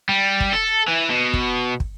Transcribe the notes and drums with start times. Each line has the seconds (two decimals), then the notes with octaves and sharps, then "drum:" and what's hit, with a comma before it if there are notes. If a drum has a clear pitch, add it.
0.09 G3
0.40 drum: kick
0.53 A4
0.88 E3
1.10 B2
1.33 drum: kick
1.80 drum: kick